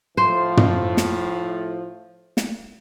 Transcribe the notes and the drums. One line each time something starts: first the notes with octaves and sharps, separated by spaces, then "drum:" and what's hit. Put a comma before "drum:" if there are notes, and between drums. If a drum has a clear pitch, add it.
A2 F3 C5
drum: tom
drum: snare
drum: snare